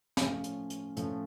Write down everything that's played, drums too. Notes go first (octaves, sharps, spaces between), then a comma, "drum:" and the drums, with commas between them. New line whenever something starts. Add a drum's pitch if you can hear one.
A2 F3 C#4 F5, drum: snare
drum: hi-hat
drum: hi-hat
A2 F3 C#4, drum: hi-hat